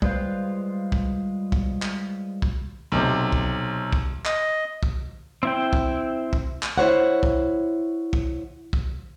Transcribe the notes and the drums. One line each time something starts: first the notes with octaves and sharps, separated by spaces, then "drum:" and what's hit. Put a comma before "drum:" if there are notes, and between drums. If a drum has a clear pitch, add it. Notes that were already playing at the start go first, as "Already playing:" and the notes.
G3 G#3 F4 B4 C5 F5, drum: kick
drum: kick
drum: kick
drum: clap
drum: kick
B1 C3
drum: kick
drum: kick
D#5, drum: clap
drum: kick
C4 E4 G5
drum: kick
drum: kick
drum: clap
E4 C5 C#5 F#5
drum: kick
drum: kick
drum: kick